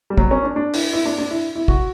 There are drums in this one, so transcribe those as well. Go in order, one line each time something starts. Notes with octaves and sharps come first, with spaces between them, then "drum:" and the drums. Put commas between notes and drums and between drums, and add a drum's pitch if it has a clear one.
G3
F#3, drum: kick
C#4
D4
D4
E4, drum: open hi-hat
E4
D4
D4
E4
E4
F#4, drum: kick